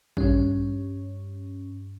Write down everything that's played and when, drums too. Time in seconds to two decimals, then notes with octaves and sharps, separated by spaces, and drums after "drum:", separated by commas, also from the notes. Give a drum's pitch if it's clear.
0.17 G2 C#4, drum: kick A1